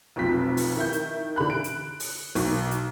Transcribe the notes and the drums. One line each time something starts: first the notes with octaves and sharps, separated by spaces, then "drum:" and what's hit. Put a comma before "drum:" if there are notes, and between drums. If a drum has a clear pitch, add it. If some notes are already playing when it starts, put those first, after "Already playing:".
F1 B1 B2 F3 C4 B6
drum: open hi-hat
D#3 E4 G6
drum: hi-hat
D3 E3 B5 F#6
D7
drum: hi-hat
drum: open hi-hat
B1, drum: open hi-hat
drum: hi-hat